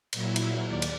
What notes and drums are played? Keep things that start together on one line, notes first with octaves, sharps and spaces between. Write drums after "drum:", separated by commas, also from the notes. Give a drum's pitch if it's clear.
A#2 F#3 E4, drum: cymbal
drum: cymbal
D#2 D5
drum: cymbal